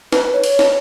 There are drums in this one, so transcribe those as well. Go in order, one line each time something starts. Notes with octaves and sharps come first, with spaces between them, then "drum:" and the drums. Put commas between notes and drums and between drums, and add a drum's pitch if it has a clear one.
B4, drum: snare
C#5
drum: cymbal
drum: snare